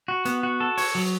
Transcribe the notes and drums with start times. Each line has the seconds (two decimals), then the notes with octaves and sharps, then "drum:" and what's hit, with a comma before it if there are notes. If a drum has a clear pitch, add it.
0.08 F#4
0.25 B3, drum: hi-hat
0.43 F#4
0.60 A4
0.77 C#5, drum: open hi-hat
0.95 F#3